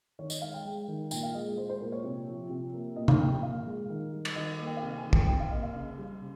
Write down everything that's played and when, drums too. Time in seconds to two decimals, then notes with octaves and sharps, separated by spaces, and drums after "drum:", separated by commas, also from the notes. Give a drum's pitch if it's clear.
0.19 D#3 C#5
0.30 D#5, drum: tambourine
0.41 G#3 F5
0.54 G5
0.65 G#3
0.88 D#3
1.11 A#2 G5, drum: tambourine
1.23 F5
1.34 G#3 D#5
1.46 G#4
1.58 G#3 C5
1.69 C5
1.81 A#2 A#4
1.92 C#5
2.04 C3
2.27 F3
2.50 C3
2.74 A#3
2.96 A#2 D#5
3.08 F5, drum: tom
3.19 F3 G5
3.43 A#2 F5
3.66 G#3
3.89 D#3
4.13 G3
4.25 drum: cymbal
4.36 D#3 D#5
4.59 A#3
4.66 G5
4.77 F5
4.82 C3 G5
4.98 G#5
5.05 D#3
5.13 G5, drum: kick
5.28 C3 G5
5.40 F5
5.51 A#3 D#5
5.63 F5
5.75 C#3
5.98 G3
6.21 C#3